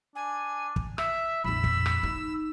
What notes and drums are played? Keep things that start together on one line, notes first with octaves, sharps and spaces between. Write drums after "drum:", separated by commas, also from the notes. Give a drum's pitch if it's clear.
D4 G#5
drum: kick
E5 E6, drum: rim click
A#1 F2 B5 E6
drum: kick
drum: rim click
D#4